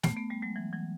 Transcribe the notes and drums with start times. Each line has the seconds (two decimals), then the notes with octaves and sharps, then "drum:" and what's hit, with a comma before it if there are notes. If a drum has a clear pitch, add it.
0.03 A3 B3, drum: snare
0.17 A3 B3
0.30 G3 A3
0.42 F#3 G#3
0.56 E3 F#3
0.73 E3 F#3